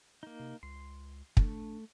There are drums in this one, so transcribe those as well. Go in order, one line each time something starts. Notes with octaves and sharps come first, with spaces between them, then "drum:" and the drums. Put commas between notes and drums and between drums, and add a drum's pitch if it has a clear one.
A#3 D#4
C3
C#2 C6
A3 D4, drum: kick